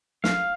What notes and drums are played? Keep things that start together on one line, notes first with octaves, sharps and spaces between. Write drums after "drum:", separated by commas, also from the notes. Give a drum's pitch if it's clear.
F5, drum: snare